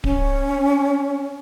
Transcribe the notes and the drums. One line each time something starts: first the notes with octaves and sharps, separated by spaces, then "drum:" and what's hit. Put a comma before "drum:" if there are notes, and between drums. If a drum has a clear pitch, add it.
C#4, drum: kick D1